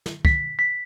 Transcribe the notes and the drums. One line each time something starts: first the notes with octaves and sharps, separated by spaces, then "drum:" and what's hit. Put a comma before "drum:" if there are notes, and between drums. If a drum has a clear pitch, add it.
drum: snare
B6, drum: kick
B6